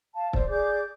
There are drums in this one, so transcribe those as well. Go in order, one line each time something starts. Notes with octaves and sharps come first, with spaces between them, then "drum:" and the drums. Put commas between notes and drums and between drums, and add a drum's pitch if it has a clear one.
F5 A5
C5 D5, drum: kick
G#4 D5 D6 G6